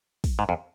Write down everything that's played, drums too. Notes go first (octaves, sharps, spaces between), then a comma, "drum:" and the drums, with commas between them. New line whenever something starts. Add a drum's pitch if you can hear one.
drum: kick, open hi-hat
G#2
F2